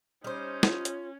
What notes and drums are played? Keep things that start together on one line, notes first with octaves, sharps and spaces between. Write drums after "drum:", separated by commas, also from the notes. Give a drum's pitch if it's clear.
G3 C#4 D#4 C5
F4, drum: snare
drum: hi-hat